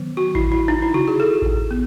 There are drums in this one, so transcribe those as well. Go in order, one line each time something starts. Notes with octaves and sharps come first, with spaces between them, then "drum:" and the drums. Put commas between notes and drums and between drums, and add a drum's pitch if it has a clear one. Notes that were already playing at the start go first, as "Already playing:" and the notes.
Already playing: D#3 F#3 B3
F#4
E4, drum: kick A1
E4
D#4
E4
F#4, drum: tom C3
G#4
A4
drum: kick A1
B3